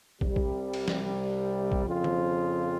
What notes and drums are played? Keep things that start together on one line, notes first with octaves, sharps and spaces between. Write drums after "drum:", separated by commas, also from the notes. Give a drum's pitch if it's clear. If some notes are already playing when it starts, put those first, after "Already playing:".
C2 C3 G3, drum: kick
drum: kick
drum: cymbal
drum: snare
drum: kick
F2 C#3 F3 C4 F4
drum: tom D#3